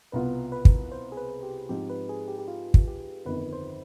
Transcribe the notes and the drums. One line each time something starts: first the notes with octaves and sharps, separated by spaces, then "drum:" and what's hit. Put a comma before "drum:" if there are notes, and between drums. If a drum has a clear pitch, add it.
C2 B2 B3 F4 B4
B4
drum: kick
C5
G#4
B4
G4
G#2 F3 C4 G4
B4
G#4
G4
G4
F4
drum: kick
G4
G1 F2 D#3 B4
C5